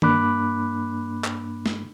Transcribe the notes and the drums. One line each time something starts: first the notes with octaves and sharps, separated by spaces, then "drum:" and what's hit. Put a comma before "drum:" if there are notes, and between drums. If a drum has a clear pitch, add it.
G2 A#3 D4 B5 D6 F#6, drum: tom D#3
drum: clap
drum: snare